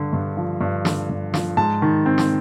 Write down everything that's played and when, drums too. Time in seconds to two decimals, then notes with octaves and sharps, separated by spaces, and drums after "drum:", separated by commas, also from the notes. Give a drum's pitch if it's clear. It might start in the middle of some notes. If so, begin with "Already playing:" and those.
Already playing: G2 D3
0.13 G2
0.37 F3
0.61 G2
0.85 D3, drum: snare
1.09 G2
1.34 F3, drum: snare
1.57 G#2 A5
1.82 D#3
2.06 C4
2.18 drum: snare